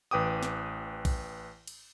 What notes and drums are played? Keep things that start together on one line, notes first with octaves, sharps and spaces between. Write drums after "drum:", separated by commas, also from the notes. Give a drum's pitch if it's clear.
A1 B4 G5 D6 D#6
drum: snare
drum: kick B1, cymbal
drum: cymbal